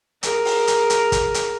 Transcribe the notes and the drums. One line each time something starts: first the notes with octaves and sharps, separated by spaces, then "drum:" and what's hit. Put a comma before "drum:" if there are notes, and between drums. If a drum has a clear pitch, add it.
G#4 A#4, drum: hi-hat
drum: open hi-hat
drum: hi-hat
drum: hi-hat
drum: kick, hi-hat
drum: hi-hat